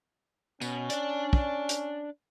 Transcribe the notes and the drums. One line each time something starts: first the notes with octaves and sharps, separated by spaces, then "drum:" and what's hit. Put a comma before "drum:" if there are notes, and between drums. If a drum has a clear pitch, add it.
B2 C#4, drum: tambourine
D4 D5, drum: hi-hat
drum: kick
drum: hi-hat